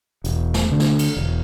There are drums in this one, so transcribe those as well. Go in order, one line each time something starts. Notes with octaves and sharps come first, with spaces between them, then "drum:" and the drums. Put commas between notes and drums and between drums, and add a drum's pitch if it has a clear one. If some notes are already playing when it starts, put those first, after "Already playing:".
E1, drum: hi-hat
drum: snare
D2 D3
drum: snare
drum: cymbal
E1